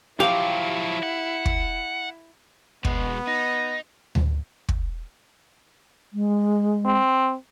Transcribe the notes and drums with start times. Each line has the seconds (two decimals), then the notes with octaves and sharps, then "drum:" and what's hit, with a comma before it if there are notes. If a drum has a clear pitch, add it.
0.20 F3 F#3 E4 G4 F5
1.03 F#5
1.45 drum: kick
2.85 B2 G#3 B3, drum: kick
3.28 D#4 A#6
4.15 drum: tom D2
4.69 drum: kick
6.13 G#3
6.86 C4